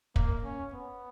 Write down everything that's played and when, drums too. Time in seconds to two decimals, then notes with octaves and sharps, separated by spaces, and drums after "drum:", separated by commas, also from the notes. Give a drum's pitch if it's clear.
0.16 A#3, drum: kick
0.44 C#4
0.73 B3